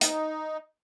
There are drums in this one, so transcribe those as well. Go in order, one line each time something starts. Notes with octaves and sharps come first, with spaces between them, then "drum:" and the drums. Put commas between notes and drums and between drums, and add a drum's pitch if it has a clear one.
D#4, drum: hi-hat